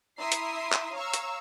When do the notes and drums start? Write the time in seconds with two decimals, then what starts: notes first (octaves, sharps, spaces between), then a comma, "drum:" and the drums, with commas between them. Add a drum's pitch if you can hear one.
0.19 E4 E5 A#5 C6 D#6 C7
0.32 drum: hi-hat
0.73 drum: clap
0.93 C#5 F5 A#5 C#6 E6
1.14 drum: hi-hat